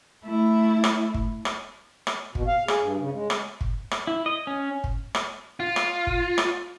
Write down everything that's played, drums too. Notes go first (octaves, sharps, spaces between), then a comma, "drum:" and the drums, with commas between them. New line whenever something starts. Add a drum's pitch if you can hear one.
A3 E4
drum: rim click
drum: kick
drum: rim click
drum: rim click
B2, drum: kick
F5
G#4, drum: rim click
G2
C#3
G#3
drum: rim click
drum: kick
drum: rim click
E4
D#5
C#4
drum: kick
drum: rim click
F4
drum: rim click
drum: kick
drum: rim click